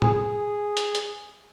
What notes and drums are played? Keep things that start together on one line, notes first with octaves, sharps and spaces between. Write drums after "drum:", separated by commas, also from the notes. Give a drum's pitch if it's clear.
G#4, drum: tom A2
drum: hi-hat
drum: hi-hat